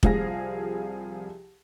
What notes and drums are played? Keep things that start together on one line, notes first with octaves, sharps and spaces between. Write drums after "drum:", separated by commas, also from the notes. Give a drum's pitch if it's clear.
C2 F3 G#4 F5 A#6, drum: kick